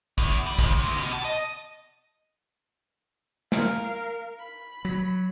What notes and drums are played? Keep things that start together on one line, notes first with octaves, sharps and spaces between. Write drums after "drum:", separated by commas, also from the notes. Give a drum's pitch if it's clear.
E2, drum: kick
G3
C#2, drum: kick
D2
B2
A5
D#5
A#4 F5, drum: snare
B5
F#3